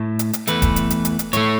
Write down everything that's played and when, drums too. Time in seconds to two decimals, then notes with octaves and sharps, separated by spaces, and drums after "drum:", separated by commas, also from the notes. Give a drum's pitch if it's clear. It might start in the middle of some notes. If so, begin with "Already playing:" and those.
Already playing: A2 A3
0.19 drum: hi-hat
0.33 drum: hi-hat
0.47 E2 E3 A3 B4, drum: hi-hat
0.62 drum: kick D#1, hi-hat
0.76 drum: hi-hat
0.90 drum: hi-hat
1.05 drum: hi-hat
1.19 drum: hi-hat
1.33 A2 A3 C#5, drum: hi-hat